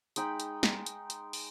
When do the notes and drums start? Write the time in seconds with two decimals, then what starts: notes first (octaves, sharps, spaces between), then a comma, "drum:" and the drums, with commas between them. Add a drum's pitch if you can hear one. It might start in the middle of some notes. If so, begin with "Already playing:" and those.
0.16 G#3 D#4 G5 B5, drum: hi-hat
0.40 drum: hi-hat
0.63 drum: snare
0.86 drum: hi-hat
1.10 drum: hi-hat
1.33 drum: open hi-hat